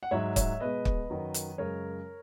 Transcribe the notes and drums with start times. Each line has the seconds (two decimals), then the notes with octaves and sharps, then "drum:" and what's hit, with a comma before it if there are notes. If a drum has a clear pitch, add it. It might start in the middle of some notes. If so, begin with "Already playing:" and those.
0.03 F#5
0.11 G#2 F#3 C#5 E5
0.36 C#5 E5, drum: kick, hi-hat
0.60 B2 G#3 B4 D#5
0.85 drum: kick
1.10 F#2 D#3 F#3
1.34 drum: hi-hat
1.58 F#2 C#3 G#3 A#4 C#5